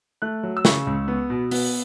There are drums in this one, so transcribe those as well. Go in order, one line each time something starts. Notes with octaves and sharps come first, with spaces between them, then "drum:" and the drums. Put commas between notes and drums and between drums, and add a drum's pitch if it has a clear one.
A3 F#6
F#3
E6
C#3 C#6, drum: snare
C#2
B3
B2
B3, drum: open hi-hat